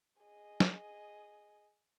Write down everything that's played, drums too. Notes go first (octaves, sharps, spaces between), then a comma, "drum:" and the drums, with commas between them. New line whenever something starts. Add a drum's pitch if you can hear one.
G#4 D#5
drum: snare